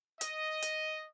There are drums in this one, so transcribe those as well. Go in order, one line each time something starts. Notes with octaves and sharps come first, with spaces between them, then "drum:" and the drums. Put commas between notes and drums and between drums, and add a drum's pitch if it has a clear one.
D#5, drum: hi-hat
drum: hi-hat